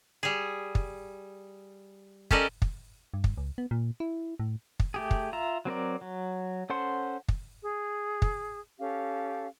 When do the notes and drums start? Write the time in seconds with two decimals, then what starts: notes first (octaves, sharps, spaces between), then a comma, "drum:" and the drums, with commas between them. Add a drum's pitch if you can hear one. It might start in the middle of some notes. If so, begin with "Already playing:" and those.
0.23 G3 G#4
0.75 drum: kick
2.31 C#4 G4 A4 A#4 D5 D#5, drum: kick
2.62 drum: kick
3.14 G2
3.24 drum: kick
3.37 C#2
3.58 B3
3.71 A#2
4.00 E4
4.40 A2
4.80 drum: kick
4.94 A3 G4 G#4
5.11 drum: kick
5.33 F4 E5 A#5
5.65 F#3 C4 A#4 D5
6.01 F#3
6.70 C#4 A4 C5 F#5 C6
7.28 drum: kick
7.63 G#4
8.22 drum: kick
8.79 C#4 G4 A4 F5